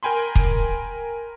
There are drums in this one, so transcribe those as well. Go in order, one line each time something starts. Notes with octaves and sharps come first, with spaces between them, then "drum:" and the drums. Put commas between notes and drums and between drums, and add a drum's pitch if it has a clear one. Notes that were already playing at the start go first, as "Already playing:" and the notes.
A#4 G5 G#5 B5 C6
drum: kick